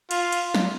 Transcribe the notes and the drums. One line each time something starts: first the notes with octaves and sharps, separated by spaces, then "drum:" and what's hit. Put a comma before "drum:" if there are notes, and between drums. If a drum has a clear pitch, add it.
F4, drum: cymbal
drum: cymbal
drum: snare